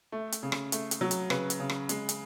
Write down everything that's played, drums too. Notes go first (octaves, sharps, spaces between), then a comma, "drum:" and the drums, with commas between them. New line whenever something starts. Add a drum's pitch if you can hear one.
A3
drum: hi-hat
C#3
drum: rim click
A3, drum: hi-hat
drum: hi-hat
F#3
drum: hi-hat
C#3 B4, drum: rim click
drum: hi-hat
C#3
drum: rim click
G#3, drum: hi-hat
drum: hi-hat